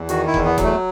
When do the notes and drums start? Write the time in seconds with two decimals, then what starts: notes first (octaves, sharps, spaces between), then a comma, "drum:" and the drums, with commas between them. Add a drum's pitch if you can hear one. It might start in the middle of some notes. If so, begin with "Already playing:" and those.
Already playing: E2
0.09 D#3 F#4, drum: hi-hat
0.27 E4
0.34 E2, drum: kick F1
0.45 B3
0.58 F#3, drum: kick F1, hi-hat
0.63 A3